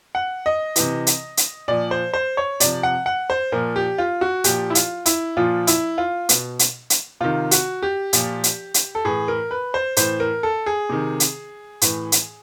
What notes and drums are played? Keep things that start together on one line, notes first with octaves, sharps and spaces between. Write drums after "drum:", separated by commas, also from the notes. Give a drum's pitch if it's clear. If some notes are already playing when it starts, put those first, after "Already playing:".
F#5
D#5
C3 E3, drum: hi-hat
drum: hi-hat
drum: hi-hat
A#2 F3 D5
C5
C5
C#5
C3 F3 D5, drum: hi-hat
F#5
F#5
C5
A#2 F3 A#4
G4
F4
F#4
A#2 F3 G4, drum: hi-hat
E4
F4, drum: hi-hat
E4, drum: hi-hat
A#2 F3 F4
E4, drum: hi-hat
F4
B2, drum: hi-hat
drum: hi-hat
drum: hi-hat
C3 D#3 F4
F#4, drum: hi-hat
G4
A#2 F3, drum: hi-hat
drum: hi-hat
drum: hi-hat
A4
A2 E3 G#4
A#4
B4
C5
A2 E3 C5, drum: hi-hat
A#4
A4
G#4
C3 D#3
drum: hi-hat
A2 E3, drum: hi-hat
drum: hi-hat